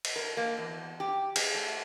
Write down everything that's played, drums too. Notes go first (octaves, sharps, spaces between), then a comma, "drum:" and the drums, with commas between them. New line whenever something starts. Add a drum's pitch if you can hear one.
drum: cymbal
A#4
A#3
E2
G4
G#4, drum: cymbal
A3